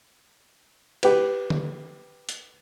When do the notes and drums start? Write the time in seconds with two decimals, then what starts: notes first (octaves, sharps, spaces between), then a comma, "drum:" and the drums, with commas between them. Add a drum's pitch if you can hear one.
1.03 G4 B4, drum: cymbal
1.50 drum: tom D3
2.29 drum: hi-hat